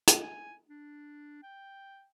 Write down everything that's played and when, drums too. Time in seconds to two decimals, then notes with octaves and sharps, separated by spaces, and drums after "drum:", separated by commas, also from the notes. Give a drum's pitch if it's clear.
0.07 drum: hi-hat
0.23 G#5
0.69 D4
1.43 G5